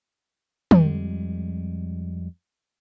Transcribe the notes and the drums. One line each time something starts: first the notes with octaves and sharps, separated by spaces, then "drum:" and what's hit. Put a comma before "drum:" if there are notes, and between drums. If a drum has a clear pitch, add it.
F2 G3 G#3, drum: tom